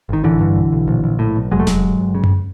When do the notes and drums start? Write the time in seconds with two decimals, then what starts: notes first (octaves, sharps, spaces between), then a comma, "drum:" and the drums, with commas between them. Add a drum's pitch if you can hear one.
0.09 G#1 D#3
0.24 A1 D3 E3
0.41 G2
0.56 B1
0.73 B1
0.88 A#1
1.04 A#1
1.19 A2
1.36 B1
1.51 F1 F#3 G#3
1.60 A3
1.67 F1 F#3 G#3, drum: snare D#1
1.84 G1
1.99 G1
2.15 C#3
2.24 drum: tom F#2